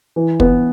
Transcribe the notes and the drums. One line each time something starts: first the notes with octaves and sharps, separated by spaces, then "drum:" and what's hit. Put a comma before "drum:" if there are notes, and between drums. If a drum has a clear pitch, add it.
E3
B3, drum: kick